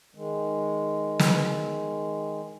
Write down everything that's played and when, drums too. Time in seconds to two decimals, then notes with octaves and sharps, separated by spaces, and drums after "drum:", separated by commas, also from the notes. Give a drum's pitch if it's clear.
0.15 D#3 G#3
1.19 drum: snare